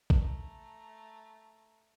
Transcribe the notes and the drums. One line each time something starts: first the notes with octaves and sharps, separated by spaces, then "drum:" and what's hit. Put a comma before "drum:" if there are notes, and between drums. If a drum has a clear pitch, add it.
A3 A#5, drum: kick A#1